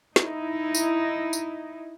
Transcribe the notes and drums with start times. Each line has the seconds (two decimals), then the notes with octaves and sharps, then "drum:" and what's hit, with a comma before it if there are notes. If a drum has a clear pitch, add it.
0.16 D#4 E4, drum: snare
0.75 drum: tambourine
1.33 drum: tambourine